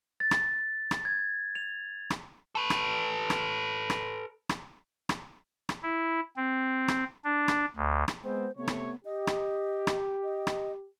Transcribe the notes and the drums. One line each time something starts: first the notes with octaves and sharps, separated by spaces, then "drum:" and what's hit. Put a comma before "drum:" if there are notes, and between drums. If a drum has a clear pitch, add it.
A6
drum: rim click
drum: rim click
G#6
F7
drum: rim click
A4 B4
drum: rim click
drum: rim click
drum: rim click
drum: rim click
drum: rim click
drum: rim click
E4
C4
drum: rim click
D4
drum: rim click
D2
drum: rim click
G#3 B3 C4 C5
C3 A3 B3 C#5
drum: rim click
G4 D#5
drum: rim click
drum: rim click
D#5
drum: rim click